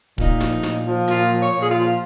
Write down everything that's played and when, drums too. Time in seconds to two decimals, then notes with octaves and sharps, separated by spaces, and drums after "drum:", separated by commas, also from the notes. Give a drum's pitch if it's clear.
0.18 A#2 D#4, drum: kick
0.40 F3, drum: snare
0.63 A#2, drum: snare
0.85 F3
1.08 A#2 F4, drum: hi-hat
1.30 F3
1.38 C#5
1.53 A#2
1.63 G#4
1.67 F4
1.75 F3